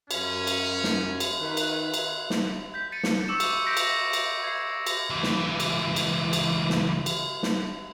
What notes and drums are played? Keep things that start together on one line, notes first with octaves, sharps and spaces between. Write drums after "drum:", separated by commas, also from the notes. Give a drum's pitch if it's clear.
F#2 C#4, drum: cymbal
drum: cymbal
drum: snare
drum: cymbal
D#3 B4
drum: cymbal
drum: cymbal
drum: snare
G6 B6
A6 C#7 D#7
drum: snare
C#6 D6 E6 C#7 E7
drum: cymbal
G6 A#6 B6 D7
drum: cymbal
drum: cymbal
G#6 C7
drum: cymbal
C#2 E3
drum: snare
drum: cymbal
drum: cymbal
drum: cymbal
drum: snare
drum: cymbal
drum: snare